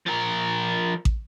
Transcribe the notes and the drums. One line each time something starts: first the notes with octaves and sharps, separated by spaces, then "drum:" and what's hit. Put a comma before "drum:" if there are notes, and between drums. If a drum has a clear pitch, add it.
F3 A#4
drum: kick